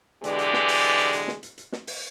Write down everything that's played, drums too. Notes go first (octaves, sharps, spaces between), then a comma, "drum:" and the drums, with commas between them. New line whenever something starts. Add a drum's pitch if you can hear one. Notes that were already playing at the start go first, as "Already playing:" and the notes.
B2 D3 E3 G#3 G4 D5, drum: hi-hat
drum: hi-hat
drum: snare
drum: open hi-hat
drum: hi-hat
drum: hi-hat
drum: snare
drum: hi-hat
drum: hi-hat
drum: snare
drum: open hi-hat